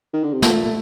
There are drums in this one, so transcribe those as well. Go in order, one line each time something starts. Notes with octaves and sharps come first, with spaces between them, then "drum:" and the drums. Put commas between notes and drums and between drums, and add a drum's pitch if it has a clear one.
D#3
D3
C3
A#2 A3, drum: snare